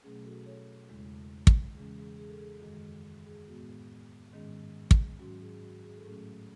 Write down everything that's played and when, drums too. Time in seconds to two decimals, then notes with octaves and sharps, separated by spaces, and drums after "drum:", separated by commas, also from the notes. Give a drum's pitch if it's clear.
0.04 B2 F#3 A3 C#4 G#4
0.25 F#4 A4
0.46 A4 C#5
0.89 E2 C#3 G#3
1.47 drum: kick
1.76 C#3 E3 G#3 C#4 G#4
1.97 G#4
2.19 G#4
2.29 A4
2.39 G#4
2.61 F#2 D#3 G#3
3.26 G#4
3.47 A2 G#3 B3 F#4
4.33 G#2 D#3 G#3 C#4 G#4
4.91 drum: kick
5.19 G#2 F#3 C#4 F#4
5.41 G#4
5.53 G#4
5.63 F#4
5.84 G#4
5.97 A4
6.05 A2 F#3 A3 C#4 G#4